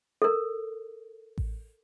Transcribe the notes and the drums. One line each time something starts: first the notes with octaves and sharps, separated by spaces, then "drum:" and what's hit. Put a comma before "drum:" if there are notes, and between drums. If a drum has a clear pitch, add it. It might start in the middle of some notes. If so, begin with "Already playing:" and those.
A4 A#4
drum: kick A1